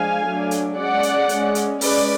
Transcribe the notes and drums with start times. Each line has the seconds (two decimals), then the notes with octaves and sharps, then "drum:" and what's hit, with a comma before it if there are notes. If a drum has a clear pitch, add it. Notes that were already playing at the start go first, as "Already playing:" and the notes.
Already playing: F3 G#3 D4 F5 G#5
0.25 F#3 A3 D4
0.51 drum: hi-hat
0.77 G#3 C#4 D5 F#5
1.03 drum: hi-hat
1.29 G#3 C#4, drum: hi-hat
1.55 drum: hi-hat
1.81 G#3 C#4 B4 D5, drum: open hi-hat